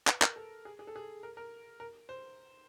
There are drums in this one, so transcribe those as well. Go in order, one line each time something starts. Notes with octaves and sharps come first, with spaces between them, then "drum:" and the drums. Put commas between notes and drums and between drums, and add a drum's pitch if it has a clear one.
B4, drum: clap
A#4, drum: clap
A4
G#4
G#4
A4
G#4
A#4
A#4
A#4
C5